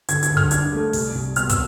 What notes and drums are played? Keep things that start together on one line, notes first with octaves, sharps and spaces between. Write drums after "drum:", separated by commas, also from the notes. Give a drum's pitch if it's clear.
D3 G#6, drum: hi-hat
G#6, drum: hi-hat
D3
F6, drum: kick
D4 G#6, drum: hi-hat
A3
C2, drum: open hi-hat
C2
B2 F6, drum: hi-hat
E6, drum: kick, hi-hat